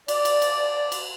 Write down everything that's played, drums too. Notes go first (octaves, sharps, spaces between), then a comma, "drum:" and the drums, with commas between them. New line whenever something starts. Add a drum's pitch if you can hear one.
D5, drum: cymbal
drum: cymbal
drum: cymbal
drum: cymbal